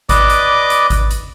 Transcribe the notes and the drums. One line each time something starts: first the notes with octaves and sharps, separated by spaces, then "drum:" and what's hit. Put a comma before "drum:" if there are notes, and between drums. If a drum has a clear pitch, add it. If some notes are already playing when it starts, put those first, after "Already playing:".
B4 D5 D#5 D6, drum: kick G#1, hi-hat
drum: hi-hat
drum: hi-hat
drum: kick G#1, hi-hat
drum: hi-hat